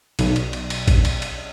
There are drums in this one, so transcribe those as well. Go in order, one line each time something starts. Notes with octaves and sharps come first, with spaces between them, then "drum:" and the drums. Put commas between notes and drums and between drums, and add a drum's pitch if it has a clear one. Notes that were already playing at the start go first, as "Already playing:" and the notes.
B1, drum: cymbal
drum: cymbal
drum: cymbal
drum: cymbal
drum: kick A1, cymbal
drum: cymbal
drum: cymbal